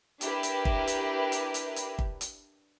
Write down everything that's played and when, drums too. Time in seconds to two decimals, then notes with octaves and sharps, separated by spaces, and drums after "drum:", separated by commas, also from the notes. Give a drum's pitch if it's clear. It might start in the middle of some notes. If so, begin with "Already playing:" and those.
0.21 D4 E4 G4 A#4 B4, drum: hi-hat
0.43 drum: hi-hat
0.65 drum: kick
0.87 drum: hi-hat
1.32 drum: hi-hat
1.54 drum: hi-hat
1.76 drum: hi-hat
1.99 drum: kick
2.21 drum: hi-hat